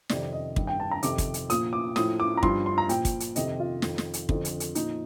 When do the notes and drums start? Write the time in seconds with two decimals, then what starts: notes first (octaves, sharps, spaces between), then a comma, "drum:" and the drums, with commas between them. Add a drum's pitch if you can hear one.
0.09 F2 C3 D#3 D5, drum: snare
0.33 D#5
0.56 G2 D#3, drum: kick
0.67 G5
0.80 A5
0.91 A#5
1.03 F2 C3 D#3 D6, drum: hi-hat
1.18 drum: kick, hi-hat
1.34 drum: hi-hat
1.50 A#2 F3 D#6, drum: hi-hat
1.73 D6
1.96 A2 F3 D#6, drum: snare
2.20 D6
2.37 A#5
2.43 G2 F3 C6, drum: kick
2.66 C6
2.78 A#5
2.89 A#2 F3 G5, drum: hi-hat
3.05 drum: kick, hi-hat
3.20 drum: hi-hat
3.36 F2 C3 D#3 D#5, drum: hi-hat
3.60 F4
3.82 F2 D#3, drum: snare
3.98 drum: snare
4.14 drum: hi-hat
4.29 F2 D3 F3, drum: kick
4.45 drum: hi-hat
4.60 drum: hi-hat
4.75 A#2 F3 D#4, drum: hi-hat